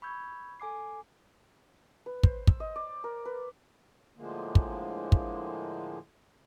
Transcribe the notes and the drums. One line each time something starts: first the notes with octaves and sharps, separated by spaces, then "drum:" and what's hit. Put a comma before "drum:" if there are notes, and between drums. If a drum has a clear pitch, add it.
B5 C#6 E6 G6 G#6
A4 G#5 D6 C7
B4
C5, drum: kick
E6, drum: kick
D#5
D5
A#4
B4
A2 D3 F3 G#3 A#3
drum: kick
drum: kick